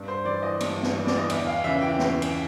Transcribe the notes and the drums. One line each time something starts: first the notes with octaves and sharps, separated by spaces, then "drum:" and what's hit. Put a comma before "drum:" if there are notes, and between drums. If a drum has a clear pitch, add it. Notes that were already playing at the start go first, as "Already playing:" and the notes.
Already playing: G2
C5
E3 D5
D#5
G2, drum: cymbal
drum: snare
E3
D5, drum: snare
D#5
E2 E5, drum: cymbal
F5
C#3 E3 E5
G5
E2 G5, drum: snare
drum: cymbal